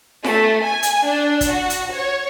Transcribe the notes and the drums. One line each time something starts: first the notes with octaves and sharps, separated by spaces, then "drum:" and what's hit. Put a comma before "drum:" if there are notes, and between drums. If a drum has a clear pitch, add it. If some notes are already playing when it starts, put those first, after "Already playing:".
A3, drum: snare F4
G#5
drum: hi-hat
D4
drum: kick, hi-hat
F#4
drum: hi-hat
C#5